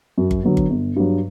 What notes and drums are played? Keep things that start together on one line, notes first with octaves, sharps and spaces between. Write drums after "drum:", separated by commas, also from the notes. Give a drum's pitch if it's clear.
F#2
drum: kick G1
D3 F#3 B3
drum: kick G1
G1
G2 F#3